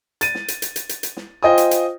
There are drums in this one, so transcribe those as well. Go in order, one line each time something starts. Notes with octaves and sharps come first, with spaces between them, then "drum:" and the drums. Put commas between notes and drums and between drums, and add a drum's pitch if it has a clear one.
A6 D#7, drum: hi-hat
drum: snare
drum: hi-hat
drum: hi-hat
drum: hi-hat
drum: hi-hat
drum: hi-hat
drum: snare
F4 C5 D#5 G5 G#5 D#6
drum: hi-hat
drum: hi-hat